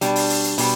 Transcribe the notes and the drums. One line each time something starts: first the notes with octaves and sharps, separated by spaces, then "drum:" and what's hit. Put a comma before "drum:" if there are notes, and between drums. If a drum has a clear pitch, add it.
B2 G3 D4, drum: hi-hat
drum: open hi-hat
drum: open hi-hat
drum: hi-hat
B2 G3, drum: open hi-hat